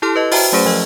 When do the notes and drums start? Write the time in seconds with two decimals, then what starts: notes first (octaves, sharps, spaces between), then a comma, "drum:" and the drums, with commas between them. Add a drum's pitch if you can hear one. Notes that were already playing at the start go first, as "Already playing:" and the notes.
0.02 E4 G4 A4 A5 C6 F6
0.16 B4 D#5
0.32 F#4 C5 E5 G5 A5 A#5, drum: open hi-hat
0.52 F#3 A3 C#4 G#4 C5
0.66 F3 D#5 E6